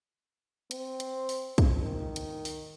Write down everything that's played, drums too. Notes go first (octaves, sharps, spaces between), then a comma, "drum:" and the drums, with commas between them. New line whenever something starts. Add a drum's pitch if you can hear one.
C4, drum: hi-hat
drum: hi-hat
drum: open hi-hat
drum: kick, hi-hat
D#3
drum: hi-hat
drum: open hi-hat